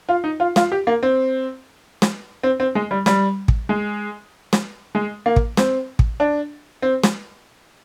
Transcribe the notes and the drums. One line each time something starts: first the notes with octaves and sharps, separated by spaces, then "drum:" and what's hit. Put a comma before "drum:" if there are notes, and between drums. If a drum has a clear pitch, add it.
F4
D#4
F4
F4, drum: snare
G4
A#3
C4
drum: snare
C4
C4
G#3
G3
G3, drum: snare
drum: kick
G#3
drum: snare
G#3
A#3
drum: kick
C4, drum: snare
drum: kick
D4
C4
drum: snare